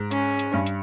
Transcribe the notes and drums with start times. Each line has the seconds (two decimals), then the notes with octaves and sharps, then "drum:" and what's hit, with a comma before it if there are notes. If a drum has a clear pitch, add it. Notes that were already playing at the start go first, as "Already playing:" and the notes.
Already playing: G#2
0.11 C#4, drum: hi-hat
0.39 drum: hi-hat
0.53 G2
0.66 drum: hi-hat